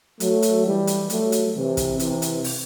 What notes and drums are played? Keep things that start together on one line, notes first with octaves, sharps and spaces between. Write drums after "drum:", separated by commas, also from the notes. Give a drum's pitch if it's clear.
F#3 A3, drum: hi-hat
drum: hi-hat
E3 G3
drum: hi-hat
F#3 A3, drum: hi-hat
drum: hi-hat
C3 E3
drum: kick, hi-hat
C3 E3, drum: hi-hat
drum: hi-hat
drum: open hi-hat